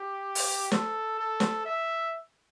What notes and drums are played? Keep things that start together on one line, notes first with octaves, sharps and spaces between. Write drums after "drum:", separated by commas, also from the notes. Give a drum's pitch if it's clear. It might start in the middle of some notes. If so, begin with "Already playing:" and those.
Already playing: G4
drum: open hi-hat
A4, drum: snare
A4
drum: snare
E5